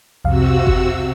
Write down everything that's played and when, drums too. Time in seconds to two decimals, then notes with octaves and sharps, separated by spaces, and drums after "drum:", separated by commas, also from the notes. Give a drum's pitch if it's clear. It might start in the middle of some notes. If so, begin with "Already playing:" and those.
0.25 C2 F2 C3 F#4 F5 E6
0.67 drum: kick G1